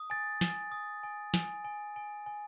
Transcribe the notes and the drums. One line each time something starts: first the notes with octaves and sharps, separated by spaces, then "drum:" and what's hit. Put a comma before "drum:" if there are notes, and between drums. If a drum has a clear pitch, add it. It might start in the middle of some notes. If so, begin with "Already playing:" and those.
Already playing: D#6
G#5 A6
G#5, drum: snare
D#6
G#5
G#5, drum: snare
G#5
G#5
G#5